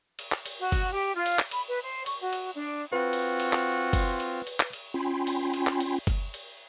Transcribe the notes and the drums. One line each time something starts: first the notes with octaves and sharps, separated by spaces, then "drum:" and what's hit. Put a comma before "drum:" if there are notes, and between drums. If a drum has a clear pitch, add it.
drum: cymbal
drum: clap
drum: cymbal
F#4
drum: kick F#1, cymbal
G4
F4
drum: cymbal
drum: clap
B5, drum: cymbal
B4
C5
C#6, drum: cymbal
F#4
drum: cymbal
D4
C4 F4 F#4 B4
drum: cymbal
drum: cymbal
drum: clap
drum: kick F#1, cymbal
drum: cymbal
drum: cymbal
drum: clap
drum: cymbal
C#4 F4 G5 G#5 B5 C6
drum: cymbal
drum: cymbal
drum: clap
drum: cymbal
drum: kick F#1, cymbal
drum: cymbal